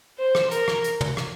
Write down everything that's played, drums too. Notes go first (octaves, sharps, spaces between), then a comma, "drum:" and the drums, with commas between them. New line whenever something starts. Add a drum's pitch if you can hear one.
C5
drum: rim click
A#4, drum: hi-hat
drum: rim click
drum: hi-hat
drum: tom
drum: rim click